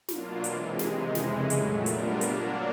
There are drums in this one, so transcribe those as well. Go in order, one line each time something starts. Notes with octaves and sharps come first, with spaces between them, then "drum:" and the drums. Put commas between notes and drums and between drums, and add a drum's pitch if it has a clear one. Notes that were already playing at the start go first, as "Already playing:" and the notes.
B2 F#3 A#3 D4 F4, drum: snare
C3 E3 G#3, drum: hi-hat
C3 D#3 G#3, drum: snare
F2 C#3 E3 G#3, drum: snare
A#2 F#3 A3, drum: hi-hat
G3 B3 D4 F4 A#4, drum: hi-hat
F#3 A#3 D4, drum: hi-hat